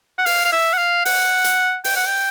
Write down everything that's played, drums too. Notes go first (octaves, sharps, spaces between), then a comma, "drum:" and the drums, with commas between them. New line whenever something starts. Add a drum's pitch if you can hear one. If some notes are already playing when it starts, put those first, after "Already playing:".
F#5
F5, drum: open hi-hat
F5
E5
F#5
F5
F#5, drum: open hi-hat
drum: hi-hat
G5, drum: open hi-hat
F#5
G5